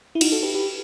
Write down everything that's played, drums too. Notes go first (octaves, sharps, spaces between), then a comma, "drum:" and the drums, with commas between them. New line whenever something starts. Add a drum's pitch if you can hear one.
E4
D#4 F#4, drum: cymbal
F#4 A4
G4 B4
G4 B4